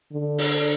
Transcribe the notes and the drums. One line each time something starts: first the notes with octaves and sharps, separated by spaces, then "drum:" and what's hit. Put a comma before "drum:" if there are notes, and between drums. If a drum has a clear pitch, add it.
D3
drum: open hi-hat